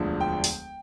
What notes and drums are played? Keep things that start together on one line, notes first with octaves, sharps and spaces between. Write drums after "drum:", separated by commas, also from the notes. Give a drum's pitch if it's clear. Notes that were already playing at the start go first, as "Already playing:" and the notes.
Already playing: E1 D2 D3 F3
G5
drum: open hi-hat